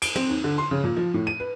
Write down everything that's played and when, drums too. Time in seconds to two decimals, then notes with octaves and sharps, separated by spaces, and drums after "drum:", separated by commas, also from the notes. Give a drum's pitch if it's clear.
0.02 D7, drum: cymbal
0.16 C4, drum: tom
0.29 D#2
0.44 D3
0.58 C6
0.71 C#3
0.84 A#2
0.97 F3
1.14 A2
1.27 D#7
1.40 B4